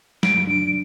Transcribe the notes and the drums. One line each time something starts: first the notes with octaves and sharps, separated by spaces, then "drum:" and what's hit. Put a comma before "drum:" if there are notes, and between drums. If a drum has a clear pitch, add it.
F#3 D7, drum: snare
D4 D7